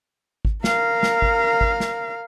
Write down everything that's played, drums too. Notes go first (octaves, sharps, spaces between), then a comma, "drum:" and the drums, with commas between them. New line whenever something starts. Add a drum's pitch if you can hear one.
drum: kick G#1
A#4 F5, drum: snare
drum: snare
drum: kick G#1
drum: kick G#1
drum: snare